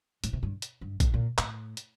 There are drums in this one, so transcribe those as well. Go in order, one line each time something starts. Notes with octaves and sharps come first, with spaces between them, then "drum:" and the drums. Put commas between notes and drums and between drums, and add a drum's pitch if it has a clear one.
A2, drum: hi-hat
C3
G2
drum: hi-hat
G2
A2, drum: kick A#1, hi-hat
A#2
A2, drum: clap
drum: hi-hat